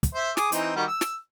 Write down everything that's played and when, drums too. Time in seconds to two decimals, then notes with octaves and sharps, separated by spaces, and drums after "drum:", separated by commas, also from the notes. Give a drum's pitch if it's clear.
0.03 drum: kick, hi-hat
0.15 C5 E5
0.37 G#4 D6 D#6, drum: snare
0.52 E3 C4 D#4, drum: hi-hat
0.76 D#3 G3 F#4
0.88 E6
1.01 drum: snare